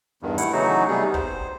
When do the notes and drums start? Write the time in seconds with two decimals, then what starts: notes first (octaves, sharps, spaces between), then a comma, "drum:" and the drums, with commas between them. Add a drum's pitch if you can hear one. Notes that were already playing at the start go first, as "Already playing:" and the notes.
0.22 E2 G2 D#3
0.38 A3 E4 F#5, drum: hi-hat
0.53 C#3 E3 F#3 A3 D#4 F#4
0.88 C3 G3 B3 D#4 G#4
1.14 C5, drum: kick